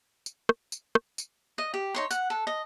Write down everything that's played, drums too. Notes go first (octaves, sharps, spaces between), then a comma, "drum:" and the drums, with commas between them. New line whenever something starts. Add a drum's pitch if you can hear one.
drum: tambourine
drum: rim click
drum: tambourine
drum: rim click
drum: tambourine
D#5
G4
D#4 C#5 C6
F#5, drum: tambourine
A4
D#5